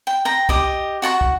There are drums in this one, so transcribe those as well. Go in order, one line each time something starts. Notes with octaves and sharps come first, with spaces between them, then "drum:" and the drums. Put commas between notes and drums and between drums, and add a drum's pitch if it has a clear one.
G5
G5 A#5
G4 D#5, drum: kick
F#4 F#5 A5 C#6
drum: kick